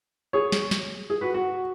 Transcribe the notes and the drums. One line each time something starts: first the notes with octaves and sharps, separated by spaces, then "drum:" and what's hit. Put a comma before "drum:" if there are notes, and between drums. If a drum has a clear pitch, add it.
G#4 C#5
drum: snare
drum: snare
G#4
F#4 B4
F#4